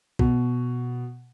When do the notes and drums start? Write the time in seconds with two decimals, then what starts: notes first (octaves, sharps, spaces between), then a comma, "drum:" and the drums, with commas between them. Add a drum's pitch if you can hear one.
0.19 B2, drum: kick